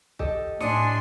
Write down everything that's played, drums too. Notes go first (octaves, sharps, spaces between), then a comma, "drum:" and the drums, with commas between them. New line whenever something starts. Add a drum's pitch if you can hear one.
G4 A4 D#5, drum: kick
A2 D4 G#5 C6 D#6 C#7 D#7, drum: snare